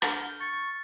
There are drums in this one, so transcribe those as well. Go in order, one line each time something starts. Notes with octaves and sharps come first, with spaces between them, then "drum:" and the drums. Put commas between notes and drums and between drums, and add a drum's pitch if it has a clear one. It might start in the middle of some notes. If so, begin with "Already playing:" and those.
D3 F#5 A#5 F6 G6, drum: rim click
C#6 A6
C#7